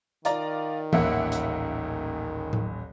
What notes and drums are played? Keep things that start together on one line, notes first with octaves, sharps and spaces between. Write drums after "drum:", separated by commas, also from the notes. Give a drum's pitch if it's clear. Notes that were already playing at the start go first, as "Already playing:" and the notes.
D#3 F4 D5 A#5, drum: hi-hat
D#1 A1 A#3 E5 F#5, drum: tom E3
drum: hi-hat
drum: tom A2